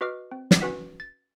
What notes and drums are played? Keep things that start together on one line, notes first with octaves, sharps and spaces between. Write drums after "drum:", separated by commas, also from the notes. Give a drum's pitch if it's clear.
F#4 B4 D#5 D6 F6 C7
C4
drum: snare
C#4 F#4 B4 F#5 B6
A6